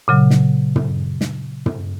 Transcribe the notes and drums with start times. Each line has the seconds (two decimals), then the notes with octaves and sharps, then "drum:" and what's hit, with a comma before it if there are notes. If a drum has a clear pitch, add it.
0.08 A#2 C#3 F#3
0.30 drum: snare
0.76 drum: tom
1.21 drum: snare
1.66 drum: tom